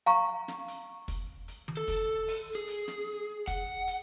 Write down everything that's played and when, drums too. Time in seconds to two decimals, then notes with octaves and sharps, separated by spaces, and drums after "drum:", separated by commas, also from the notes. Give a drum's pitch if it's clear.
0.06 F5 A#5 C#6
0.48 drum: snare
0.68 drum: hi-hat
1.08 drum: kick, hi-hat
1.48 drum: hi-hat
1.68 drum: tom D#3
1.77 A4
1.88 drum: kick, hi-hat
2.28 drum: open hi-hat
2.55 G#4
2.68 drum: hi-hat
2.88 drum: snare
3.48 F#5, drum: kick, hi-hat
3.87 drum: hi-hat